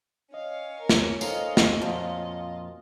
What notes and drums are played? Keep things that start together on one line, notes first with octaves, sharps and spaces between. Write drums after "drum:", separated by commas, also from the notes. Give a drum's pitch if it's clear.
C#4 C#5 D#5 F5
A#4
drum: snare
A#3 D#4 F4 A4 C5 D#5 F5, drum: tambourine
drum: snare
F2 A#2 F#4 A5